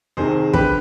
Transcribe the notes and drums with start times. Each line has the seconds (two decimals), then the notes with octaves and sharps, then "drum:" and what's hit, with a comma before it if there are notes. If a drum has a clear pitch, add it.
0.17 C2 C3 D#3 G#4 C5
0.53 D3 F3 G4 B4, drum: kick